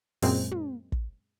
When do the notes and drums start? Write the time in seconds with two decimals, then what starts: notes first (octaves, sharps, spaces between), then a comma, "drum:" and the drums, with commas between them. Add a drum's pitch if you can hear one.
0.22 F#2 A#2 G#3 C4, drum: open hi-hat
0.51 drum: tom
0.92 drum: kick